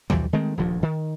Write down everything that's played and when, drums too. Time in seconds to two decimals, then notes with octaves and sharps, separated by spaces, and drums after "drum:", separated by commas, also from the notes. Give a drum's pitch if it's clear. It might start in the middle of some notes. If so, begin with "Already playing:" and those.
0.10 B1 E3 F3 G3, drum: tom D#2
0.33 D#3 G#3 A3 C4
0.57 D#1 D2 G2 F3
0.83 D#3